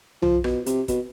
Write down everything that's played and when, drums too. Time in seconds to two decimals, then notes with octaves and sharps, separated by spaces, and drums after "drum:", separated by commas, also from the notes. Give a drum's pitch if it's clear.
0.22 F3, drum: tom B1
0.44 B2, drum: rim click
0.66 C3, drum: hi-hat
0.88 B2, drum: kick, hi-hat